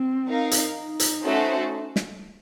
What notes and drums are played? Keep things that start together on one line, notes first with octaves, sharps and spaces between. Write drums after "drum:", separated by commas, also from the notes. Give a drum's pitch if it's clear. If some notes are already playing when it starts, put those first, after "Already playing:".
Already playing: C4
D#4 A#4 F5
drum: hi-hat
D#4
drum: hi-hat
A3 C#4 F#4 A4 C5
drum: snare